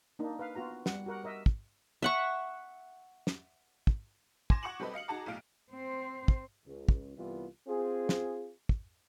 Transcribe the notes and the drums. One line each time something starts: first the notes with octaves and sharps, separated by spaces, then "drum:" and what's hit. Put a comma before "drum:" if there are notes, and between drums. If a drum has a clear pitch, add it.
A#3 D4 D#4
B4 F5
B3 F4 F#4 A#5
G3 F#5, drum: snare
F#4 G4 A#4 F#5
A#4 D#5 E5
drum: kick
E5 F#5 C#6
drum: snare
drum: kick
G#5 C6 D6 G#6 A#6 E7, drum: kick
F#5 C#6 D6 C#7 E7 F#7
G3 C4 G4 A4 B4 D#5
D#5 F5 C#7 F#7
D#4 F#4 G#4 A5 A#5 D6
B1 A2 F5 D7
C4 C5
drum: kick
C#2
drum: kick
C2 E3 G3 B3 F4
C4 F4 G#4
drum: snare
drum: kick